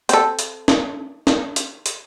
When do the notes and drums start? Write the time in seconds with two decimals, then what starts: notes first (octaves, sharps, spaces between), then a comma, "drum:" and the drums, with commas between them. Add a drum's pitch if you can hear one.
0.09 C4 A4, drum: hi-hat
0.39 drum: hi-hat
0.68 drum: snare
1.27 drum: snare
1.56 drum: hi-hat
1.86 drum: hi-hat